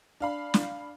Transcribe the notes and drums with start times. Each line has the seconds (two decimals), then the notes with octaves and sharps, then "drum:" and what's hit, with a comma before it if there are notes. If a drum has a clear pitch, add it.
0.20 D4 F5 B5
0.54 drum: snare